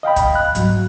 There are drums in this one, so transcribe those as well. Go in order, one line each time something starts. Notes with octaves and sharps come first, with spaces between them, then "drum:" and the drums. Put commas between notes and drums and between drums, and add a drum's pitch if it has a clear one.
D#5 F5 G5 B5
drum: kick, hi-hat
F#6
G#2 F#3, drum: hi-hat